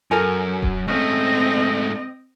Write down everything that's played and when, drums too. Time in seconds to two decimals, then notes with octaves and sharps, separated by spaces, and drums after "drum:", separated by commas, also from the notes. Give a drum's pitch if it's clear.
0.11 F#2 A4 A#4 G#5
0.62 drum: kick D#1
0.88 G#2 A3 C4 C#4 D#5